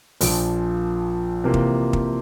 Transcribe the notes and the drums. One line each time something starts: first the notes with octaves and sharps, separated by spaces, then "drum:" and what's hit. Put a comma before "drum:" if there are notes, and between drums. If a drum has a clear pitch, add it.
A#1 A#2 F3, drum: open hi-hat
C3 E3 A#3 F4
drum: kick
drum: kick